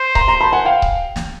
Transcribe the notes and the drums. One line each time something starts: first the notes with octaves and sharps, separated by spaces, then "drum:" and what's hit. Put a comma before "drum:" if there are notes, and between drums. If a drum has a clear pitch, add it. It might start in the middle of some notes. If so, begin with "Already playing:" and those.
Already playing: C5
A#5 C6, drum: kick C#1
A#5 C6
A5 B5
F#5 G#5
F5 G5
drum: kick C#1
drum: snare